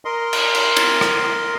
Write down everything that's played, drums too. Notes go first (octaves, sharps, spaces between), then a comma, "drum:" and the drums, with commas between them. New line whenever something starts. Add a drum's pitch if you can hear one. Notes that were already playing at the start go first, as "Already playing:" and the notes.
A#4 D#5 C6
drum: cymbal
drum: cymbal
drum: cymbal
drum: rim click